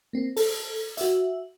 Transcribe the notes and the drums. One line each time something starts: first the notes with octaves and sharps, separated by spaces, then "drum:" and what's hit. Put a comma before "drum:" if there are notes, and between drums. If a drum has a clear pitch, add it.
A#3 C4
A4, drum: open hi-hat
F#4 E5, drum: hi-hat